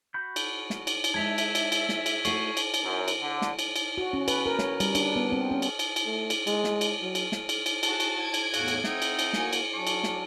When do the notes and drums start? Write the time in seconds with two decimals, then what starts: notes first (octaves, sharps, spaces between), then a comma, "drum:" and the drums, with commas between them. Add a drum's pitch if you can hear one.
0.14 F#4 B5 G6
0.36 drum: cymbal
0.70 drum: snare
0.87 drum: cymbal
1.04 drum: cymbal
1.14 G#3 D#4 E5 A5 G#6 B6 F7
1.38 drum: cymbal
1.55 drum: cymbal
1.72 drum: cymbal
1.89 drum: snare
2.06 drum: cymbal
2.25 A3 F#4 C#6 C7 D#7, drum: cymbal
2.57 drum: cymbal
2.74 drum: cymbal
2.83 F#2
3.08 drum: cymbal
3.20 D3
3.42 drum: snare
3.59 drum: cymbal
3.76 drum: cymbal
3.98 F#4
4.13 C#4
4.28 B4, drum: cymbal
4.46 A#4
4.59 C#5, drum: snare
4.80 G3, drum: cymbal
4.95 D4, drum: cymbal
5.16 B3
5.32 C4
5.51 C#4
5.62 drum: cymbal
5.79 drum: cymbal
5.96 drum: cymbal
6.06 A3
6.30 drum: cymbal
6.47 G#3, drum: cymbal
6.64 drum: snare
6.81 drum: cymbal
7.02 F#3
7.15 drum: cymbal
7.32 drum: snare
7.49 drum: cymbal
7.66 drum: cymbal
7.83 F#4 G#4 A5 F#6, drum: cymbal
8.00 drum: cymbal
8.21 G#6 D7
8.34 drum: cymbal
8.54 E2 A2 F#4 F5, drum: cymbal
8.68 drum: cymbal
8.84 C4 D#4 E5 F#5, drum: snare
9.02 drum: cymbal
9.19 drum: cymbal
9.33 A#3 F#4 G#5 C#7, drum: snare
9.53 drum: cymbal
9.74 F#3 D4 G#5 C#6 D6
9.87 drum: cymbal
10.04 drum: snare